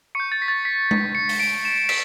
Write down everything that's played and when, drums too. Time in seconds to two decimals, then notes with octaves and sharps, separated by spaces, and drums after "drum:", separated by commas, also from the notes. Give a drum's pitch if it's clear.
0.15 C#6 G6 C#7
0.32 A6
0.42 B6
0.48 A6
0.65 B6
0.91 drum: tom G#3
1.15 C#7
1.29 drum: open hi-hat
1.40 D7
1.65 E7
1.89 B6, drum: cymbal